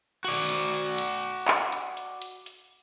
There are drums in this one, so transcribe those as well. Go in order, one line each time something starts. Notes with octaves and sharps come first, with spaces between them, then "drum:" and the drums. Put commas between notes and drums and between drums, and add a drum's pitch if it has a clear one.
F#4 D5, drum: hi-hat
drum: hi-hat
drum: hi-hat
drum: hi-hat
drum: hi-hat
drum: clap
drum: hi-hat
drum: hi-hat
drum: hi-hat
drum: hi-hat